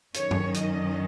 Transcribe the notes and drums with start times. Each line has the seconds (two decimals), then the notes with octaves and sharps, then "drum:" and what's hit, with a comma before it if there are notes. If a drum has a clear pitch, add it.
0.14 F#2 D#3 F#3 C#4 C#5, drum: hi-hat
0.31 drum: tom
0.54 D#5, drum: hi-hat